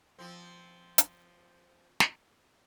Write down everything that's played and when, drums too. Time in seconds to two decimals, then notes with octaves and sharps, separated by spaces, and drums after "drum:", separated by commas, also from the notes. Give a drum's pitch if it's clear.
0.19 F3 C4
0.98 drum: hi-hat
2.00 drum: snare